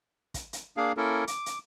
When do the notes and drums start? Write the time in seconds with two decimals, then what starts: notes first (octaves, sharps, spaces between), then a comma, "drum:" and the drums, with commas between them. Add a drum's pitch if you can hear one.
0.34 drum: kick, hi-hat
0.53 drum: hi-hat
0.77 A#3 D4 G#4 F5
0.97 A#3 C#4 E4 A4 A#4
1.27 D6, drum: hi-hat
1.46 drum: hi-hat